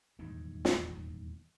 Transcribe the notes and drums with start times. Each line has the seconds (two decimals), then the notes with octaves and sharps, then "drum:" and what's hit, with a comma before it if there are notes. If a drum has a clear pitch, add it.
0.19 D#1 E2 G#2 D#3
0.65 drum: snare